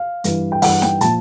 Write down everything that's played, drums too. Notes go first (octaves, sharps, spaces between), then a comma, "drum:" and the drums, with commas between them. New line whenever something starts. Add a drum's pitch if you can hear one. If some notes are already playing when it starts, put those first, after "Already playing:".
Already playing: F5
G2 E3, drum: hi-hat
G5
G2 E3 F#5, drum: open hi-hat
G5, drum: snare D#4
A#2 F3 A5, drum: hi-hat